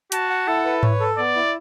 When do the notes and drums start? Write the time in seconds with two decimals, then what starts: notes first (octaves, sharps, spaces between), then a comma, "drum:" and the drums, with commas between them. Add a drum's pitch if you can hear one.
0.12 F#4 A5, drum: hi-hat
0.30 F#5
0.48 E4 A4
0.65 B4
0.83 C#5, drum: tom G#2
1.00 A4
1.17 B3 D5
1.36 E4